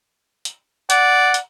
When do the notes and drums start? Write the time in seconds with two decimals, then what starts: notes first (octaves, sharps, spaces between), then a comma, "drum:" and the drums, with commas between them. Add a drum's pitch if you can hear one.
0.45 drum: hi-hat
0.90 D5 F#5, drum: hi-hat
1.34 drum: hi-hat